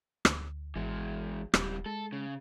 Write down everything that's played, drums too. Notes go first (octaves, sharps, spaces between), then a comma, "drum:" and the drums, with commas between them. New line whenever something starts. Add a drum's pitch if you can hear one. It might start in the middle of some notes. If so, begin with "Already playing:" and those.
D2, drum: rim click
G#1 E3 G#3
D#1 C#2 G3, drum: rim click
G#3 A4
C#3